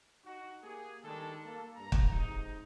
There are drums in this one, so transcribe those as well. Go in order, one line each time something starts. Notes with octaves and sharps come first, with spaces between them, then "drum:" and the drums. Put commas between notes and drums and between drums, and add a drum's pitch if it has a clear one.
D#4 F#4
A#3 G4 G#4
D#3 G3 G#3 D4 A4
A#3 A4
G2 A#5
drum: kick
G#2 C3 D#4